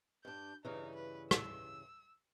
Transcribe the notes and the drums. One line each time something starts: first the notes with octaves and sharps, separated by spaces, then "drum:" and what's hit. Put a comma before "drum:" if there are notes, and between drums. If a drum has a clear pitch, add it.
G2 D4 G6
G2 C#3 E3 D#4
B4
E6, drum: rim click